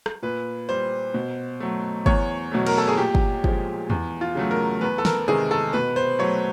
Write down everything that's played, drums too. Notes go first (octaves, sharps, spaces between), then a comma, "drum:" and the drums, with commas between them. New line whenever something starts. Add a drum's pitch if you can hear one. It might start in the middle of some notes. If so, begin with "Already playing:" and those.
drum: rim click
A#2 B4
G3 C5
B2
F#3 A3
E2 C#5, drum: kick
B2 F#3 A3
A#4, drum: cymbal
A4
G#4
A#2 G4
drum: kick
F3 G#3, drum: kick
E2, drum: tom E2
F4
C#3 F#3 A3
A#4
E2 B4
A4
A#4, drum: snare
C3 D#3 G#3 G#4
A4
B2 B4
C5
F#3 A3 C#5